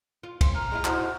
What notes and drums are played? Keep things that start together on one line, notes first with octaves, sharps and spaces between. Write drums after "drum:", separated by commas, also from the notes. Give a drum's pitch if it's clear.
F4
C6, drum: kick, cymbal
A#5 F6
G#3 E4 F4
D#4 F#4 C5, drum: clap